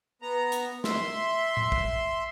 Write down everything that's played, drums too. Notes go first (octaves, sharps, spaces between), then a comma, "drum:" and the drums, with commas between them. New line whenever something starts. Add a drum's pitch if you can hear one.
B3 A#5
drum: hi-hat
E5 C6, drum: snare
drum: tom A2
drum: kick A#1